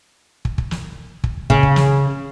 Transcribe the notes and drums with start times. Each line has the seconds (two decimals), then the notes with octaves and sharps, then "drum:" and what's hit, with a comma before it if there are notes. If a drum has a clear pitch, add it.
0.45 drum: kick
0.58 drum: kick
0.71 drum: snare
1.24 drum: kick
1.50 C#3, drum: kick
1.63 drum: kick
1.76 drum: snare